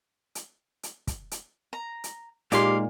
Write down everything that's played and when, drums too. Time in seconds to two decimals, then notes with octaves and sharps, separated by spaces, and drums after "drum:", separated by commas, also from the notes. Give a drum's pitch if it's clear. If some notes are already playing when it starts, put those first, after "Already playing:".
0.35 drum: hi-hat
0.83 drum: hi-hat
1.07 drum: kick, hi-hat
1.31 drum: hi-hat
1.73 A#5
2.04 drum: hi-hat
2.52 A#2 G#3 D#4 G4 D5 F5 C6, drum: hi-hat